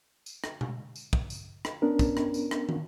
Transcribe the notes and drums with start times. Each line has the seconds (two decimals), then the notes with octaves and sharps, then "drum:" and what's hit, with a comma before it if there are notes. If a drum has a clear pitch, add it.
0.26 drum: tambourine
0.44 drum: rim click
0.61 drum: tom B2
0.96 drum: tambourine
1.13 drum: kick
1.30 drum: tambourine
1.65 drum: rim click
1.82 B3 C#4 D4 A#4
1.99 drum: kick, tambourine
2.17 drum: rim click
2.34 drum: tambourine
2.51 drum: rim click
2.69 drum: tom